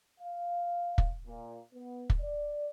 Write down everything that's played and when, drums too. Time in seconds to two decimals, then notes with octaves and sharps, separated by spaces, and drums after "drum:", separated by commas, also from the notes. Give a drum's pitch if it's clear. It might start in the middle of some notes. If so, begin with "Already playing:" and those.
0.21 F5
0.98 drum: kick
1.26 A#2
1.73 B3
2.10 drum: kick
2.20 D5